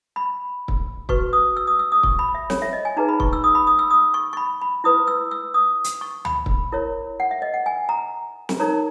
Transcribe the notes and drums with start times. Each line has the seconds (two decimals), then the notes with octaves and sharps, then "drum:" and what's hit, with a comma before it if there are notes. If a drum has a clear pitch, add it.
0.16 B5
0.68 drum: kick
1.09 F#4 B4 C#6, drum: kick
1.33 D#6
1.57 E6
1.67 D#6
1.79 E6
1.92 D#6
2.03 C#6, drum: kick
2.19 B5
2.34 E5
2.50 C#5, drum: snare
2.62 E5
2.73 D#5
2.85 G#5
2.97 D#4 G#4 B4 A#5
3.09 B5
3.20 C#6, drum: kick
3.33 E6
3.44 D#6
3.55 B5
3.67 D#6
3.79 E6
3.90 D#6
4.14 C#6
4.33 C#6
4.37 B5
4.62 B5
4.84 E4 B4 D#6
5.07 E6
5.31 E6
5.54 D#6
5.84 drum: hi-hat
6.01 C#6
6.25 B5, drum: tom
6.46 drum: kick
6.72 E4 A#4 C#5
7.20 F#5
7.31 E5
7.42 D#5
7.54 F#5
7.66 G#5
7.89 A#5
8.49 drum: snare
8.60 D#4 A#4 C#5 A#5